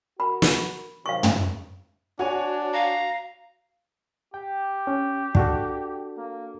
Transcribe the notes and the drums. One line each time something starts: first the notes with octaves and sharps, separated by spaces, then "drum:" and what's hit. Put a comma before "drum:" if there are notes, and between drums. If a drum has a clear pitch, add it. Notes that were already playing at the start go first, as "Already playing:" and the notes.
F#4 A#4 B5
drum: snare
C3 D#3 F#3 F5 C#6
drum: tom
D4 F#4 C#5 G#5
F5 A#5
G4 G5
C#4
D4 F#4 A4, drum: kick
A#3